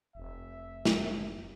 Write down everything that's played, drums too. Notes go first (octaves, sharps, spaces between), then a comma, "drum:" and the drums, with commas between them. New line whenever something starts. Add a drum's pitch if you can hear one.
F1 E5
drum: snare